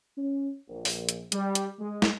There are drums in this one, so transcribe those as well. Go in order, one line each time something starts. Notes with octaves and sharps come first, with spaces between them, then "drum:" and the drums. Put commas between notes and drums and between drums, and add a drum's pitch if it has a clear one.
C#4
A#1
drum: open hi-hat
drum: hi-hat
G3, drum: hi-hat
drum: hi-hat
G#3
drum: snare